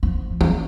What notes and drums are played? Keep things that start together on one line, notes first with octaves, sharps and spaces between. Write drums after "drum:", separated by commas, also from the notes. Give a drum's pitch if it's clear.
F3
G3, drum: tom